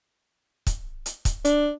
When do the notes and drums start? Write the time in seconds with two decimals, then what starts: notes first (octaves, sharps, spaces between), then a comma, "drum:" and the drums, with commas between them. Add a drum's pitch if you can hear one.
0.67 drum: kick, hi-hat
1.06 drum: hi-hat
1.25 drum: kick, hi-hat
1.45 D4, drum: hi-hat